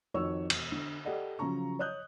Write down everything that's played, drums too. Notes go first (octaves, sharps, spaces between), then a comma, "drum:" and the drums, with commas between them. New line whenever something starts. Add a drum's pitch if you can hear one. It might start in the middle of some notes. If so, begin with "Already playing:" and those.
F2 D#3 F#4 C#5 C#6 E6
E1, drum: cymbal
D3
G4 A4 D5 D#5 F#5
C#3 F3 F#3 C#4 A#5 C#6
C#5 D#5 D#6 F#6 G6